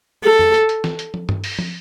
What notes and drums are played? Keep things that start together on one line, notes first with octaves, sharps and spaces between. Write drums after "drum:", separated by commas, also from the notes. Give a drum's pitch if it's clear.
A4
drum: tom
drum: hi-hat
drum: hi-hat
drum: snare
drum: hi-hat
drum: tom
drum: tom G2
drum: open hi-hat
drum: tom